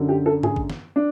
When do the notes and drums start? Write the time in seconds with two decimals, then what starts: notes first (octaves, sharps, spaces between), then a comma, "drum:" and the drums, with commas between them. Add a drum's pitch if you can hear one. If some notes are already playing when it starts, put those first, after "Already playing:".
Already playing: F#2 D3
0.09 G4
0.26 A4
0.43 G#4, drum: tom G#2
0.56 drum: kick
0.70 drum: snare
0.96 D4